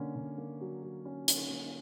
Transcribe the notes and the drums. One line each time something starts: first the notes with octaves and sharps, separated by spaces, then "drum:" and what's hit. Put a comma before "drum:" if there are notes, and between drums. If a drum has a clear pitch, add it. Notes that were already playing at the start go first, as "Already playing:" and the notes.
Already playing: D3 A#3 C#4
D3
A#3
F#3
F#3
C#4
C#4, drum: hi-hat
A#3